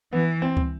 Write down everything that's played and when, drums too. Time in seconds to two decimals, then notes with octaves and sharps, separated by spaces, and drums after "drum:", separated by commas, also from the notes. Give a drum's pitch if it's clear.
0.13 E3 B3
0.42 C4
0.57 drum: kick